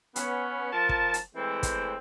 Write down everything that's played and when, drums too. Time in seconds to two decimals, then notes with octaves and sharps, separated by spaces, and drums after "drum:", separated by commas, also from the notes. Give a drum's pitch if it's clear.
0.16 B3 C#4, drum: hi-hat
0.73 F3 A#4 A5
0.89 drum: kick
1.14 drum: hi-hat
1.35 E3 G#3 A3 C4
1.63 drum: kick, hi-hat